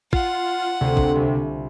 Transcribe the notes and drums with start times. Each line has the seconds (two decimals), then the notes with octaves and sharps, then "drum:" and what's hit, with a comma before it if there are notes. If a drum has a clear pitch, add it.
0.13 F4 F#5, drum: kick
0.81 D2 C3 F4
0.97 drum: kick
1.15 C2